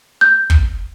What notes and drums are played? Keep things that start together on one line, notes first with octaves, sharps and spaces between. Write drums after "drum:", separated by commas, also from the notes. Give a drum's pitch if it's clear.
G6
drum: kick